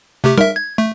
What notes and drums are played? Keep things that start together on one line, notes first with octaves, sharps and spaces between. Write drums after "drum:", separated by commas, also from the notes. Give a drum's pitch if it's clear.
C3 A3 G4
A#4 E5, drum: tom G3
G#6
A3